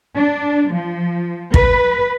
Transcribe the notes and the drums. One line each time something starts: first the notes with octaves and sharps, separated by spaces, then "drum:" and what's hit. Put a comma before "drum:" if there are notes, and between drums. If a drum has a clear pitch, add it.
D4
F3
B4, drum: kick